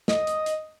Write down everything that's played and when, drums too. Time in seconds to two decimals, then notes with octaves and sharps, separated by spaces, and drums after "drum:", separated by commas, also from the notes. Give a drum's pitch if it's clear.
0.08 D#5, drum: snare
0.27 drum: hi-hat
0.46 drum: hi-hat